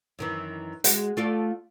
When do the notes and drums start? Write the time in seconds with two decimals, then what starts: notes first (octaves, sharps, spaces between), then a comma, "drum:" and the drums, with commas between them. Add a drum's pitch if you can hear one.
0.19 F#2 D#3 E3
0.84 G#3 F#4, drum: hi-hat
1.17 A3 F4 D5